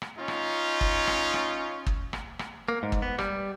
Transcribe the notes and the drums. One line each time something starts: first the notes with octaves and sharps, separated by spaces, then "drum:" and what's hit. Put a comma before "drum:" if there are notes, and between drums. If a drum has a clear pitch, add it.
drum: rim click
C#4 D#4 F4
drum: rim click
drum: kick
drum: rim click
drum: rim click
drum: kick
drum: rim click
drum: rim click
A#3
G#2
drum: kick
B3
G3, drum: rim click